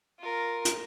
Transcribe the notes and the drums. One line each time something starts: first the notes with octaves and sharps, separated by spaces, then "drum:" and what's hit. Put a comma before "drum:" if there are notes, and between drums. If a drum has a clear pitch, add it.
F4 A#4
drum: hi-hat